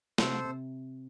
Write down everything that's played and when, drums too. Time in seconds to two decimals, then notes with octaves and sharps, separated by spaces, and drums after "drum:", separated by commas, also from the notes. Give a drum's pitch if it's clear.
0.18 C3 A4 C5, drum: snare
0.45 C3